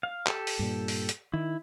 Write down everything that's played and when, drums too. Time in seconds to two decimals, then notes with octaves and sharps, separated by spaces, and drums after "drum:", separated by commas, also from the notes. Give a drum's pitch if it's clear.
0.03 F5
0.27 G4 A4, drum: clap
0.47 drum: open hi-hat
0.59 G2 A#2
0.88 drum: open hi-hat
1.09 drum: hi-hat
1.34 D#3 E4